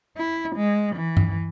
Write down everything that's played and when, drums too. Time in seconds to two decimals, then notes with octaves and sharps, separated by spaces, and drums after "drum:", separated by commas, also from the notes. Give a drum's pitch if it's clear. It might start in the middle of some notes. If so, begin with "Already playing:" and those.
0.17 E4
0.56 G#3
0.96 E3
1.17 drum: tom G2